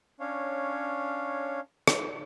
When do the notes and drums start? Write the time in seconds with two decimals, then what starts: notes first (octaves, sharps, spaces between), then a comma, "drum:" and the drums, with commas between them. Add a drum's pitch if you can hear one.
0.20 C#4 D4 C#5 F5
1.88 drum: rim click